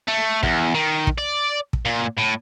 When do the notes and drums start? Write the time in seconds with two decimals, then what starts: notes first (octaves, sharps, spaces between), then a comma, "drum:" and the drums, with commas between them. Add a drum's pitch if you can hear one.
0.08 A3
0.43 E2, drum: kick
0.74 D#3
1.07 drum: kick
1.18 D5
1.73 drum: kick
1.85 A#2
2.18 A2